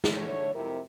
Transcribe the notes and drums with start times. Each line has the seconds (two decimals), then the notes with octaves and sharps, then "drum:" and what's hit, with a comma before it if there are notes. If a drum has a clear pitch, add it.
0.04 drum: snare
0.16 D3 A3 C#5
0.54 F2 C3 E4 A#4